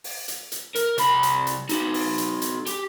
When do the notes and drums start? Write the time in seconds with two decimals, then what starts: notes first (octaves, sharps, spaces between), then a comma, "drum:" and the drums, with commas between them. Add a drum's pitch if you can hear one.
0.04 drum: open hi-hat
0.28 drum: hi-hat
0.52 drum: hi-hat
0.75 A#4, drum: hi-hat
0.98 C2 B5, drum: hi-hat
1.23 drum: hi-hat
1.47 drum: hi-hat
1.69 D#4 F#4, drum: hi-hat
1.94 drum: open hi-hat
2.18 drum: hi-hat
2.42 drum: hi-hat
2.66 G4, drum: hi-hat